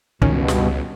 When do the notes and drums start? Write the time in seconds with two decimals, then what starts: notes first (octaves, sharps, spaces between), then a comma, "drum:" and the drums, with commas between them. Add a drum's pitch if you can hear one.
0.22 C#2 G2 B2 D#3 C#4, drum: kick
0.48 drum: snare